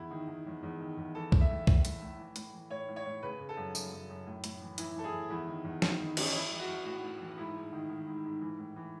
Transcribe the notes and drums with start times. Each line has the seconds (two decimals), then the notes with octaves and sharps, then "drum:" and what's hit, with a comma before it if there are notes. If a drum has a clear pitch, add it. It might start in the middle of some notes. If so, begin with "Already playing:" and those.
Already playing: E2 E4
0.11 D#3
0.28 D#3
0.46 E2
0.63 E2
0.81 D#3
0.97 E2
1.15 E3 A4
1.32 E3, drum: kick C2
1.41 E5
1.50 A2
1.67 A2, drum: kick C2
1.85 A2, drum: hi-hat
2.02 A2
2.18 E3
2.36 A2, drum: hi-hat
2.54 E3
2.70 A2 C#5
2.88 A2
2.96 C#5
3.06 A2
3.23 C#3 B4
3.40 C#3
3.49 A4
3.57 F#2
3.75 F#2, drum: tambourine
3.92 F#2
4.10 F#2
4.26 A2
4.44 A2, drum: hi-hat
4.61 E3
4.78 E3 E4, drum: hi-hat
4.96 E3 A4
5.04 G#4
5.13 E3
5.30 E2 E4
5.47 D#3
5.65 E2
5.82 D#3, drum: snare
5.99 D#3
6.17 D#3 C#4, drum: cymbal
6.26 D#4
6.34 E3 E4
6.51 E3
6.59 F#4
6.68 E3
6.85 A2 F#4
7.03 A2
7.20 E3
7.38 G#2 E4
7.55 G#2
7.73 D#3
7.89 D#3
8.07 G#2
8.25 G#2
8.41 E3
8.59 A2
8.76 E3